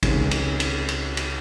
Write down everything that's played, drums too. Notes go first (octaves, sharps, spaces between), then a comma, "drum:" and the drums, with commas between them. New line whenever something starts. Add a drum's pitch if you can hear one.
C#2 C3 D#3 G#3 C#4, drum: kick, cymbal
drum: cymbal
drum: cymbal
drum: cymbal
drum: cymbal